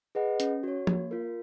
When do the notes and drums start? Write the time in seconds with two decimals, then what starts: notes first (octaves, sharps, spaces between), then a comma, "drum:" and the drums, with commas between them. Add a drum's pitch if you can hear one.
0.15 G#4 B4 D#5 F#5
0.40 C#4, drum: hi-hat
0.63 F#4 C#5
0.87 A#3, drum: tom F3
1.11 F4 A#4